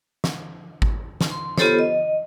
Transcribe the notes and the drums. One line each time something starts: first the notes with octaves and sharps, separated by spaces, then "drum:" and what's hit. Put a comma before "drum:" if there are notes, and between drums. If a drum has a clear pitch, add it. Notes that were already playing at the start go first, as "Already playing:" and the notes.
drum: snare
drum: kick G#1
drum: snare
C6
B3 F4 G4 A4 C5 C#5, drum: snare
D#5